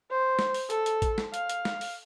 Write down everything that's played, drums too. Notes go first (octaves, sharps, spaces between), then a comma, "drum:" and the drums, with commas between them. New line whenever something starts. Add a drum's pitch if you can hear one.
C5
drum: snare
drum: open hi-hat
A4, drum: hi-hat
drum: hi-hat
drum: kick, hi-hat
drum: snare
F5, drum: hi-hat
drum: hi-hat
drum: snare
drum: open hi-hat